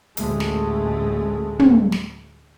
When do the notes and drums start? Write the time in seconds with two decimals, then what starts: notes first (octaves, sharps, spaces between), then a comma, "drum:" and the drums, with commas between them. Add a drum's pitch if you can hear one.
0.17 A1 D2 G#3 A3, drum: hi-hat
0.40 drum: snare
1.59 drum: tom
1.92 drum: snare